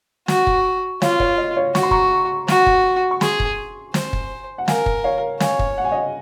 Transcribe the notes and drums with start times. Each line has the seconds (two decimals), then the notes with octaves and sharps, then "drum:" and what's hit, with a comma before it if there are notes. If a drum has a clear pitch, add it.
0.28 F#4, drum: snare
0.47 drum: kick
1.02 F4 C#5 F5, drum: snare
1.20 C#5 F5, drum: kick
1.38 D#5
1.57 C#5 F5
1.75 F#4 C#6, drum: snare
1.83 C6
1.91 A#5 C#6, drum: kick
2.48 F#4, drum: snare
2.66 drum: kick
3.11 C#6
3.21 G#4 G#5 C6, drum: snare
3.40 drum: kick
3.94 C5, drum: snare
4.13 drum: kick
4.58 F#5
4.68 A#4 F5 G#5, drum: snare
4.86 drum: kick
5.04 C#5 F5
5.40 C#5 F5 G#5, drum: snare
5.59 drum: kick
5.78 F#5
5.84 G#5
5.92 D#5 F#5